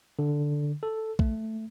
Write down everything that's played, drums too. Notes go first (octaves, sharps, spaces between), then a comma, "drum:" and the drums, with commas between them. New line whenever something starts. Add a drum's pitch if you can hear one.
D3
A4
A3, drum: kick